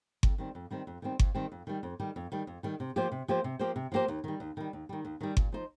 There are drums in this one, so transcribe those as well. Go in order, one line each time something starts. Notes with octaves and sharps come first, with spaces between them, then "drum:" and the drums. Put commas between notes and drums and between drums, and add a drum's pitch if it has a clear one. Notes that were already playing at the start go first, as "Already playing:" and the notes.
F2, drum: kick G1
D#3 G3 C4
F2
D#3 G3 C4
F2
D#3 G3 C4
F2, drum: kick G1
D#3 G3 C4
F2
D#3 G3
F2
D#3 G3
F2
D#3 G3
F2
D#3 G3
C3
F3 A#3 G4 C5
C3
F3 A#3 G4 C5
C3
F3 A#3 G4 C5
C3
F3 A#3 G4 C5
D#2
D#3 G3
D#2
D#3 G3
D#2
D#3 G3
D#2
D#3 G3
A#2, drum: kick G1
F3 D#4 C5